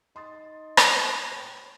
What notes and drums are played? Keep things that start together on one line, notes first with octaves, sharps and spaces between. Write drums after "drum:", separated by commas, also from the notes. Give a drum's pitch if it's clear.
D#4 C6 D#6 A6
drum: rim click
C#5 G5